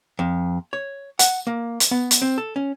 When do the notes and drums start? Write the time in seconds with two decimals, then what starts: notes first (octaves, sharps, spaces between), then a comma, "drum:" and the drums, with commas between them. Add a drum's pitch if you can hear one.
0.19 F2
0.73 C#5
1.19 F#5, drum: hi-hat
1.47 A#3
1.80 drum: hi-hat
1.91 B3
2.11 drum: hi-hat
2.22 C4
2.38 A4
2.56 C#4